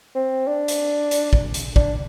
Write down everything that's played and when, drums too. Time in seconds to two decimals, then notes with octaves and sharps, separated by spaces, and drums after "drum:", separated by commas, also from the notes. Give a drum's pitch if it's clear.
0.15 C4
0.47 D4
0.68 drum: hi-hat
1.11 drum: hi-hat
1.33 drum: kick
1.54 drum: hi-hat
1.76 D4, drum: kick